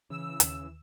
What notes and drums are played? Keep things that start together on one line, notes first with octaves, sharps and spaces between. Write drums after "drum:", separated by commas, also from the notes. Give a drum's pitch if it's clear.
C#3 E3 E6
D#2 D#3, drum: hi-hat